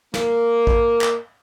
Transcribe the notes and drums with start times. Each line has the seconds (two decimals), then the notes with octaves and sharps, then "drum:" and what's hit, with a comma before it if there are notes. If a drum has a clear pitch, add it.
0.14 A#3, drum: snare
0.67 drum: kick
1.01 drum: clap